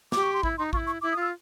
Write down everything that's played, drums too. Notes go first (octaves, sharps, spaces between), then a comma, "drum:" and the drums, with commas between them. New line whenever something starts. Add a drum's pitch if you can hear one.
G4 D6, drum: snare
C#6
C6
E4 B5, drum: kick A1
D#4 C6
F4 C#6, drum: kick A1
E4
C#6
E4 D6
D#6
F4
E6